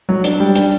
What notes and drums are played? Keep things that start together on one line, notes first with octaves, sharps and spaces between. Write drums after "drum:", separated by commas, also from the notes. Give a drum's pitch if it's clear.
F#3
D4, drum: hi-hat
G3
D4, drum: hi-hat